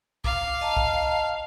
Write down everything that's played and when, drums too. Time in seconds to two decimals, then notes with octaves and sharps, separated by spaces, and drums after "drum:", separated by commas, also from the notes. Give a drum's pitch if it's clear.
0.24 F5 D6, drum: kick
0.61 D#5 A5 A#5
0.77 drum: kick